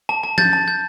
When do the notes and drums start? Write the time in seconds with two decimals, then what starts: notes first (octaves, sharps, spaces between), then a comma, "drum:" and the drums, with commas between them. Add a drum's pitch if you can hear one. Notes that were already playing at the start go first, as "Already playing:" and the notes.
0.09 A5
0.24 A5
0.38 G6 A6, drum: tom F3
0.53 A5
0.68 G6